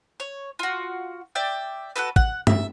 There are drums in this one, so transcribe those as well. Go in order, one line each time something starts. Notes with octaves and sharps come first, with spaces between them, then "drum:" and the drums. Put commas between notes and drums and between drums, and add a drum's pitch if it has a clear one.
C#5
F4 F#4
D5 E5 G5
F#4 G#4 A4 B4
F#5, drum: kick
E5, drum: tom